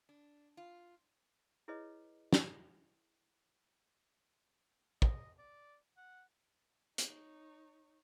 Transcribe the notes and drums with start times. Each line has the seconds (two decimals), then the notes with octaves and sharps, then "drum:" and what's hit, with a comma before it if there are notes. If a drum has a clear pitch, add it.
0.09 D4
0.57 F4
1.68 E4 G#4 B4 C#5 D#5
2.33 drum: snare
5.02 D#5, drum: kick
5.38 D5
5.97 F#5
6.98 D#4 C#5, drum: hi-hat